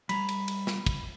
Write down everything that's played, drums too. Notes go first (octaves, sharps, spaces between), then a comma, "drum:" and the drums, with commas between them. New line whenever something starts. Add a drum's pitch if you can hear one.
G3 A#5 B5, drum: cymbal
drum: cymbal
drum: cymbal
drum: snare
drum: kick, cymbal